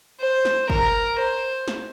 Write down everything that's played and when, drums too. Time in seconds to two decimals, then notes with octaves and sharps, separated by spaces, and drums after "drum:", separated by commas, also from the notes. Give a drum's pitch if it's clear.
0.21 C5
0.45 drum: snare
0.70 A#4, drum: kick
1.19 C5
1.68 drum: snare